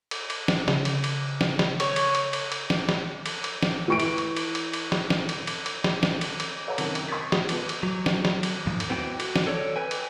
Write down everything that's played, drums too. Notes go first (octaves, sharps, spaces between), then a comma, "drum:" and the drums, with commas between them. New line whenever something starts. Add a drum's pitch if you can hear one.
drum: cymbal
drum: cymbal
drum: snare
C#3, drum: snare
drum: cymbal
drum: cymbal
drum: snare
drum: snare
C#5, drum: cymbal
drum: cymbal
drum: cymbal
drum: cymbal
drum: cymbal
drum: snare
drum: snare
drum: cymbal
drum: cymbal
drum: snare
E3 C#6 D7
drum: cymbal
drum: cymbal
drum: cymbal
drum: cymbal
drum: cymbal
drum: snare
drum: snare
drum: cymbal
drum: cymbal
drum: cymbal
drum: snare
drum: snare
drum: cymbal
drum: cymbal
A4 B4 C#5 F#5 A5 A#5
F#2 C3 D#3 E3, drum: cymbal
drum: cymbal
C6 C#6 D#6 G#6 A6 B6
G#3 F#4 G4, drum: snare
F3 B3, drum: cymbal
drum: cymbal
F#3
drum: snare
drum: snare
drum: cymbal
D#2 G#2 F3
drum: cymbal
B3 C4 E4 F#4 G5
F#4, drum: cymbal
drum: snare
A4 C#5 D5
B4 G5 G#5
drum: cymbal